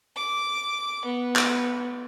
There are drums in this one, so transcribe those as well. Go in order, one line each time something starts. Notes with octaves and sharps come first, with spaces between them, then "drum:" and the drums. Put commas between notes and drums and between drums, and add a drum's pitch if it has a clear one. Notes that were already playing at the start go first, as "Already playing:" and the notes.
D6
B3
drum: clap